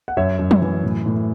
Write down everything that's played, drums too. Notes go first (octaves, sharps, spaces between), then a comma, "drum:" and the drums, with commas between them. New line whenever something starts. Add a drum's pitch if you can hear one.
F#5
F#2 C#5 E5
F#2
drum: tom
E3
A2
A2